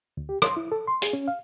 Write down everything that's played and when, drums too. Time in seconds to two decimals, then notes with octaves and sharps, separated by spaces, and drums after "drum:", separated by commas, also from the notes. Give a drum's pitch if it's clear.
0.17 D2
0.29 G4
0.42 C6, drum: rim click
0.57 E4
0.72 A4
0.87 C6
1.02 G#4, drum: hi-hat
1.13 C#4
1.28 F5